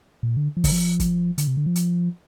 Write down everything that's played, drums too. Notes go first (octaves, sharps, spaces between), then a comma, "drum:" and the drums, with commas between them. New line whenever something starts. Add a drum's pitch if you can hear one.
A#2
D3
F3
D3, drum: kick, open hi-hat
F3
drum: kick, hi-hat
D3, drum: hi-hat
C3
D3
F3
drum: hi-hat